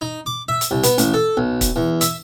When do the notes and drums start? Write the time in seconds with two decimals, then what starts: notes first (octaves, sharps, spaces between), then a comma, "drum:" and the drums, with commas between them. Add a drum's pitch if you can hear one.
0.01 D#4
0.26 D6
0.48 E5
0.61 drum: hi-hat
0.71 C2
0.83 B3, drum: hi-hat
0.98 A1, drum: hi-hat
1.14 A4
1.37 B1
1.61 drum: kick, hi-hat
1.76 E2
2.01 E5, drum: hi-hat